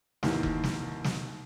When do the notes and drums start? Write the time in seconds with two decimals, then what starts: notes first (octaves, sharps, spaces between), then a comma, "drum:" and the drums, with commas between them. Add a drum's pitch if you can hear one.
0.23 D#2 G#2 C3 E3, drum: snare
0.43 drum: kick F1
0.64 drum: snare
1.04 drum: snare